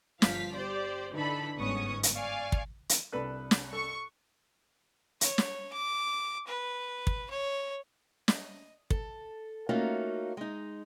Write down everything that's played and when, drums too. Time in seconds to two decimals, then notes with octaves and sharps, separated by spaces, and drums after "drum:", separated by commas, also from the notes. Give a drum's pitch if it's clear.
0.22 G1 F3 F5 B6, drum: snare
0.54 G4 C5 D5
1.13 D3 E3 D#4 A4 B5
1.56 G1 G#2 B3 C#4 C#6 D#6
2.03 drum: hi-hat
2.13 D5 F5 G#5 C#6
2.52 drum: kick
2.89 drum: hi-hat
3.12 C2 D4 A4 B4 B5 F#6
3.51 drum: snare
3.73 A4 C#6
5.21 C#5, drum: hi-hat
5.38 drum: snare
5.73 D6
6.47 B4
7.07 drum: kick
7.30 C#5
8.28 D#5, drum: snare
8.90 A4, drum: kick
9.69 A3 A#3 C#4 D#4 F4 F#4
10.37 G#3 D#4